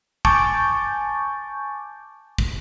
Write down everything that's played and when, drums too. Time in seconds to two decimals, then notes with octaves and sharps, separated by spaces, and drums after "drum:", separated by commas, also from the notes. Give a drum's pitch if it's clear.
0.25 G#5 A5 C#6 D6 G6 A6, drum: kick
2.38 drum: kick